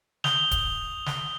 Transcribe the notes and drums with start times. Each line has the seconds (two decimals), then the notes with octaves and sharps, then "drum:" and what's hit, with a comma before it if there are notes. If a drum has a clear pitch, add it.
0.24 D#6 G6 F7 G7, drum: snare
0.51 drum: kick D1, hi-hat
1.06 drum: snare